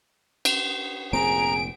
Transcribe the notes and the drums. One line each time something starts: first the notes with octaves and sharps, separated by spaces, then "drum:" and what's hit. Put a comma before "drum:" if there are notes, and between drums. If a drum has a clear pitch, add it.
drum: cymbal
F1 A#2 C4 G#4 A#5 D7